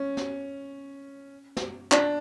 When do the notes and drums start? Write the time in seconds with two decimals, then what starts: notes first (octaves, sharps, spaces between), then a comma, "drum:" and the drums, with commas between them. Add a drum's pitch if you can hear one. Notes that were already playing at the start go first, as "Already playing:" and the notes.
Already playing: C#4
0.17 drum: snare
1.57 drum: snare
1.92 D4, drum: clap